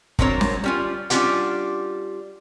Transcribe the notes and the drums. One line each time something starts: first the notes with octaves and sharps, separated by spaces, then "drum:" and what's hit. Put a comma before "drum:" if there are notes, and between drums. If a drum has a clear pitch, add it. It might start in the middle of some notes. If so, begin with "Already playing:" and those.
F#3 C4 D4 A#4 C5 C#5, drum: kick
drum: snare
G3 C#4 F4
G3 C#4 D4 F4 G4 F#5, drum: hi-hat